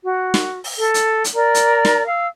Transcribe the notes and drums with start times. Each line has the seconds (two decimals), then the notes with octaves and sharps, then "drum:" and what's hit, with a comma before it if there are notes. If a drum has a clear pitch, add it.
0.03 F#4
0.34 drum: snare
0.64 drum: open hi-hat
0.79 A4
0.94 drum: hi-hat
1.24 drum: hi-hat
1.35 A#4 D5 A#5
1.54 drum: hi-hat
1.85 drum: snare
2.08 F5 E6